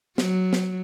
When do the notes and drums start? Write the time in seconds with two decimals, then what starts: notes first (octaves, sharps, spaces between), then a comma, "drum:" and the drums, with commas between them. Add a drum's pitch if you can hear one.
0.18 F#3, drum: snare
0.53 drum: snare